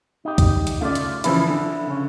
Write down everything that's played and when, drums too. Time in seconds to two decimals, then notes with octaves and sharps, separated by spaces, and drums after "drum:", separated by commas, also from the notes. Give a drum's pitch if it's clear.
0.25 D#4 G4
0.38 drum: kick, hi-hat
0.67 drum: hi-hat
0.81 C#3 A3 F4 D5
0.95 drum: hi-hat
1.24 C#3 E3 F3 E4, drum: hi-hat
1.48 D3
1.87 C#3 C#4